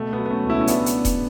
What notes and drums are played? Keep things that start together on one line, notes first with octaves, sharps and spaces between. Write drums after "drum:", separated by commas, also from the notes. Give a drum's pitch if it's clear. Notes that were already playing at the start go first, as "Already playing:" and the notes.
Already playing: B2 A3
B3
F#3
B3
A3 C#4
C#2
C#4 E4
C#4
C#3 B3 D4, drum: hi-hat
drum: hi-hat
drum: kick D#1, hi-hat